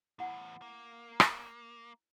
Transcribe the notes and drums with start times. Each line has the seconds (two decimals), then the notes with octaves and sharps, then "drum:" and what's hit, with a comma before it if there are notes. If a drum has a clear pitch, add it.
0.19 E2 A2 E4 F#5
0.62 A#3
1.20 drum: rim click